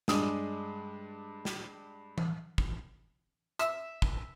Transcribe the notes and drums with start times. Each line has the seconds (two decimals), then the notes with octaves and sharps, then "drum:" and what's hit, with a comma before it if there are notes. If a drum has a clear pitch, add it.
0.08 G2 G#3 D4 D#6, drum: snare
1.45 drum: snare
2.18 drum: tom E3
2.58 drum: kick
3.59 E5, drum: hi-hat
4.02 drum: kick